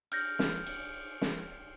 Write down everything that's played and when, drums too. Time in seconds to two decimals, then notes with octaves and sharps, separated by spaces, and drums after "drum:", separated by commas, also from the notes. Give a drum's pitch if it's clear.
0.12 F6 G6 A#6, drum: cymbal
0.39 drum: snare
0.67 drum: cymbal
1.21 drum: snare